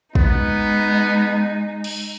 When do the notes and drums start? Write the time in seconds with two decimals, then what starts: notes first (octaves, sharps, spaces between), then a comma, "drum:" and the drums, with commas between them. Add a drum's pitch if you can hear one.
0.15 G#3 B3 D#4, drum: kick
1.84 drum: cymbal